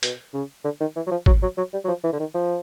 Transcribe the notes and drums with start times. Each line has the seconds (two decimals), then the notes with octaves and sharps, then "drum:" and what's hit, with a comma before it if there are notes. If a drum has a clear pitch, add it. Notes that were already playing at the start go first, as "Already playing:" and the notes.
0.03 B2, drum: hi-hat
0.33 C#3
0.64 D3
0.80 D#3
0.96 E3
1.07 F#3
1.11 F3
1.26 F#3, drum: kick G#1
1.42 F#3
1.57 F#3
1.73 G3
1.85 F#3
1.88 F3
2.04 E3
2.13 D3
2.20 D#3
2.35 F3